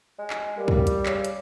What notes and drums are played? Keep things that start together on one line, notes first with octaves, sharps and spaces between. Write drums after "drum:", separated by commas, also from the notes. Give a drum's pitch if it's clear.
G#3
drum: clap
G3 A#3
drum: kick
drum: hi-hat
C#3, drum: clap
drum: hi-hat